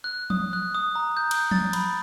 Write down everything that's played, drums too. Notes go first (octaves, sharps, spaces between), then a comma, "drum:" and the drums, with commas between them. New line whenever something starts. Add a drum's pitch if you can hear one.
F#6
D#6, drum: tom F3
F#6
D#6
A#5
G6
drum: cymbal
A6, drum: tom F3
B5, drum: cymbal